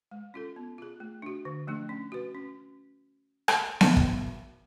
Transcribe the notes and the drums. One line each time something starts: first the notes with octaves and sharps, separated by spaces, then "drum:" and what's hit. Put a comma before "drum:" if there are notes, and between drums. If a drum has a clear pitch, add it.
G#3
C#4 F4 A4
B3
F4 G#4
A3
D4 F#4
D3
F3 A3 D4
C#4
F#4 B4
C#4
drum: rim click
drum: snare B3
drum: kick